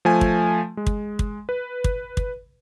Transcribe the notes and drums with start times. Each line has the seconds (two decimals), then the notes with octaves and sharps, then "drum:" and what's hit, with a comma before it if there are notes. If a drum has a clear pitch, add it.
0.05 F3 A3 G#5
0.21 drum: kick
0.77 G#3
0.87 drum: kick
1.19 drum: kick
1.49 B4
1.84 drum: kick
2.17 drum: kick